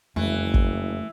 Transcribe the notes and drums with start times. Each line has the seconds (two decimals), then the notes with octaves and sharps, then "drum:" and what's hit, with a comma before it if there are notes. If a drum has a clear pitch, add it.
0.16 F#1 F2 E3 G#3 A3
0.54 drum: kick